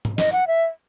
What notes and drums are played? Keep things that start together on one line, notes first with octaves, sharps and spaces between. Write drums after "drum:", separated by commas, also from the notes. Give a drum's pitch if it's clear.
drum: tom G#2
D#5, drum: snare
F#5
E5